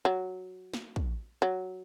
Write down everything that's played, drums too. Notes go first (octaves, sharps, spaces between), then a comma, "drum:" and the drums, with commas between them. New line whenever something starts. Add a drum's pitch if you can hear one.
F#3
drum: snare
drum: kick
F#3